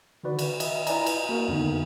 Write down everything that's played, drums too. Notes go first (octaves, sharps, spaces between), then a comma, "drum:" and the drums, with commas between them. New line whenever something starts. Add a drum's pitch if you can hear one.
D3 D#3 F#4 B4 D5
drum: cymbal
D#5 E5, drum: cymbal
E4 B4 D5 D#5 G#5 A#5, drum: cymbal
drum: cymbal
A#3 F#4 A#4
F2 D3 D#3 B3 D#4